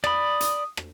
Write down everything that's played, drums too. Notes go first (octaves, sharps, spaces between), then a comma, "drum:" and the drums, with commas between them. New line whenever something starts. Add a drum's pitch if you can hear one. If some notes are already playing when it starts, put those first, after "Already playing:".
D5 B5 D#6, drum: rim click
drum: hi-hat
drum: rim click